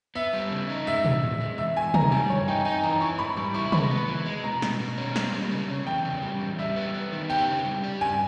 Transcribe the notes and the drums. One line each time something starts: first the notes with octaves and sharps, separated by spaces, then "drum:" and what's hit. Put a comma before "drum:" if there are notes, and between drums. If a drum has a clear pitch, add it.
B3 E5
G3
C#3
D#4
G#3 E5
E2, drum: tom
E2
G#3
E2 E5
E2 G#5
D#3 A#5, drum: tom
G3 G#5
G2 C#5
D#4 G5
D#4 G#5
E3 A#5
E4 C#6
G#2 B5
G3 C#6
E4 C#6
G#3 B5, drum: tom
B3
E3
G#3
B2 A#5
B2, drum: snare
B2
C#4
A#3, drum: snare
G3
C#3
C#3
E2 G5
C#3
G3
E2
G3 E5
B3
B3
D#3
G4 G5
C#3
G3
G4
G2 G#5